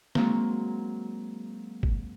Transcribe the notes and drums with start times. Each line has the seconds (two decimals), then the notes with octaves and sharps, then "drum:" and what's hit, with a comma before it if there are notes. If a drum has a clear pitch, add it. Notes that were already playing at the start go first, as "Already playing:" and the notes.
0.15 F#3 G#3 A#3 C4, drum: snare
1.83 drum: kick G1